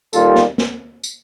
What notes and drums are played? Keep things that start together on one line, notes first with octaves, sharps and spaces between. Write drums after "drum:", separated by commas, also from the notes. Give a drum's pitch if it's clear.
D#2 D#3 G3 F4 A4, drum: tambourine
drum: snare
drum: snare
drum: tambourine